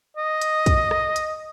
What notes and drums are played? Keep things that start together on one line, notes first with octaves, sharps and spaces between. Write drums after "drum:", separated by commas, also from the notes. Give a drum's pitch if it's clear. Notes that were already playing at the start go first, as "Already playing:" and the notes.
D#5
drum: hi-hat
drum: kick, hi-hat
drum: rim click
drum: hi-hat